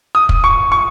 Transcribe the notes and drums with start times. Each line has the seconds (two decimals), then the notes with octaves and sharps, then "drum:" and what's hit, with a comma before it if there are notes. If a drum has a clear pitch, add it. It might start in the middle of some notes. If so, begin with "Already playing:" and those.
0.15 D#6
0.29 drum: kick
0.44 C#6
0.72 C#6